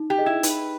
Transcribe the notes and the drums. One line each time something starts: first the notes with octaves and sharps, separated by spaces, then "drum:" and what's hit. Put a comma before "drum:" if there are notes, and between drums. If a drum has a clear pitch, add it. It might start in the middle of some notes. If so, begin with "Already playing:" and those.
Already playing: D#4
G4
G#4 D#5
E4
D#4 B4, drum: hi-hat